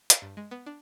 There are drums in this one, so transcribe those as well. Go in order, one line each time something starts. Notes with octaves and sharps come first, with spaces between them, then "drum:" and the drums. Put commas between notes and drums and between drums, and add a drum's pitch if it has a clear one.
F5, drum: hi-hat
G2
G#3
B3
D4